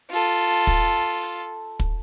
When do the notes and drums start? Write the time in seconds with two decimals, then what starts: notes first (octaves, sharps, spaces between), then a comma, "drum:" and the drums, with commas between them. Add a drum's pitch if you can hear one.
0.11 F4 A4
0.67 drum: kick, hi-hat
1.23 drum: hi-hat
1.80 drum: kick, hi-hat